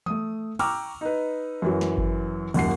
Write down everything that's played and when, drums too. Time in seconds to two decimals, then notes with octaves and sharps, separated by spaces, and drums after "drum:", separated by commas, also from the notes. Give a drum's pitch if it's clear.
0.06 A3 D#6, drum: tom E3
0.59 G5 A#5 C#6 D6 E6 F6, drum: cymbal
1.01 D#4 B4
1.62 F#2 E3 F#3
1.81 drum: snare
1.98 drum: kick G1
2.54 D#1 F#2 F#5 C7, drum: cymbal